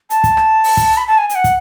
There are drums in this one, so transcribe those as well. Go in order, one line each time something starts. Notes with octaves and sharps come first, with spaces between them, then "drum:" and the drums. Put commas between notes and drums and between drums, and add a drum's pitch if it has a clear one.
A5, drum: hi-hat
drum: kick, hi-hat
drum: rim click
drum: open hi-hat
drum: kick, hi-hat
B5
A5
G#5
G#5, drum: hi-hat
F#5
drum: kick, hi-hat